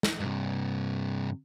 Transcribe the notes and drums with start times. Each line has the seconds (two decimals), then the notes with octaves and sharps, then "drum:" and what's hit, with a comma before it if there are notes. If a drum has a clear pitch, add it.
0.03 drum: snare
0.20 G2 C3